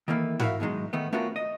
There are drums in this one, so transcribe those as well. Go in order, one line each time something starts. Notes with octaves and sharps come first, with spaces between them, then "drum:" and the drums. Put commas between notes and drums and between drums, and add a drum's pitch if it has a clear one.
D#3 E3 A3 A#3 B4
E4 F#4 A#4 D5 E5 F5, drum: tom G#2
B2 D#3 F#3 G#3 D#4
D#3 A3 B3
A3 B3 C#4 F4 F#4 A#4
D#5